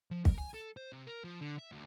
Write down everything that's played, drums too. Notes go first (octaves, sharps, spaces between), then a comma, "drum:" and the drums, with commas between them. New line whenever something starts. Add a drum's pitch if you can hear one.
F3
A#4, drum: kick
G#5
A4
C5
C3
A#4
F3
D3
E5
D2